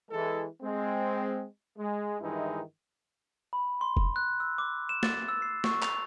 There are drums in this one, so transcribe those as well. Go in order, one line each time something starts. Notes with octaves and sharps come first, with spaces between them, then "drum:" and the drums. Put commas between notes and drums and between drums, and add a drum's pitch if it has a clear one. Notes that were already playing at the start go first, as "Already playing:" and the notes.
E3 G#3 A4
G#3 C4
G#3
G2 D#3 E3 G#3 D#4 E4
B5
C6
drum: kick F1
F#6
E6
D6
E7
A6, drum: snare
E6
C7
C#6, drum: snare
F7, drum: clap